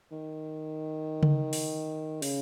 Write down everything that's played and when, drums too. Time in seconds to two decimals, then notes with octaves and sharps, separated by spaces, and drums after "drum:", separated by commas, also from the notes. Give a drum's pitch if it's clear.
0.12 D#3
1.23 drum: tom C#3
1.53 drum: open hi-hat
2.22 C#3, drum: open hi-hat